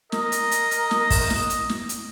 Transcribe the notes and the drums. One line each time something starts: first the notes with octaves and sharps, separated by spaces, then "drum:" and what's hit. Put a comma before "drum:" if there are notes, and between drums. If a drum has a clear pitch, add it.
A#4 D#5, drum: snare
drum: hi-hat
drum: hi-hat
drum: hi-hat
drum: snare
drum: kick, open hi-hat
drum: snare
drum: hi-hat
drum: snare
drum: hi-hat